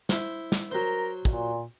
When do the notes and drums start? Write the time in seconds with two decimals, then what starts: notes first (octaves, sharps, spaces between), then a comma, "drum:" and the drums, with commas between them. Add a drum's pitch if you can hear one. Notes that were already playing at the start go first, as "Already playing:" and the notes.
0.09 E4 C5, drum: snare
0.52 drum: snare
0.71 F#3 A#4 C5
1.25 A#2, drum: kick